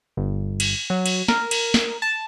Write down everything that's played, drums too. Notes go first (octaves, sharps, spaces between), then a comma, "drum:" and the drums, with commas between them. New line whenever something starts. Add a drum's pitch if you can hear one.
G1
drum: cymbal
F#3
drum: cymbal
A#4, drum: snare
drum: cymbal
drum: snare
A5